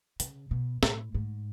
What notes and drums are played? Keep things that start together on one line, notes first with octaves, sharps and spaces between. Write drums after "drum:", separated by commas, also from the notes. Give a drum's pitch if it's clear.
C#3, drum: hi-hat
B2
A2, drum: snare
G#2